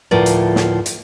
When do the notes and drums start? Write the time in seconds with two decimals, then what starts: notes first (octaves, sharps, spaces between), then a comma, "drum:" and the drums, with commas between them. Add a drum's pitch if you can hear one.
0.11 D2 A2 F3 A#4 B4 D5
0.26 drum: hi-hat
0.56 drum: snare
0.86 drum: hi-hat